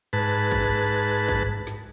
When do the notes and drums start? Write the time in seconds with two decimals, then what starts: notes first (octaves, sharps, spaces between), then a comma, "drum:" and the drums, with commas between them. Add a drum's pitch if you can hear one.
0.13 G#2 B4 A5
0.51 drum: kick
1.28 drum: kick
1.67 drum: snare